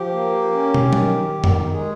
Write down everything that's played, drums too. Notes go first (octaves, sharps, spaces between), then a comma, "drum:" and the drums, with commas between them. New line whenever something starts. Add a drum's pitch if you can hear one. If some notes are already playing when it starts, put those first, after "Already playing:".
Already playing: F3 G4
A#3
C#4
drum: tom
D#3, drum: tom F#3
D#3
drum: tom F2
G#3 G#4